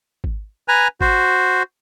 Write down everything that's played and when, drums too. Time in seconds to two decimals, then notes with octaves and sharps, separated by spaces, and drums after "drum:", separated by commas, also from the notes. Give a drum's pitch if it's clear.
0.24 drum: kick G#1
0.68 B4 G#5 A#5
1.01 F#4 C5, drum: kick G#1